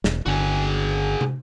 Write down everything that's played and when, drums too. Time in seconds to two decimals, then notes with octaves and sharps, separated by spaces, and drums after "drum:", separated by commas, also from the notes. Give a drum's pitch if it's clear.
0.04 E1, drum: snare
0.26 G1 D3 F#4 G#4
1.21 drum: tom